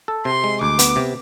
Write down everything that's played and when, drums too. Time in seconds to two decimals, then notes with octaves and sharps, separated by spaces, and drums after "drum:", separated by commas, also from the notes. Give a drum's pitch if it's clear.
0.08 A4
0.25 C3 C6
0.44 G#3
0.61 D2 D6
0.79 B3, drum: hi-hat
0.96 C3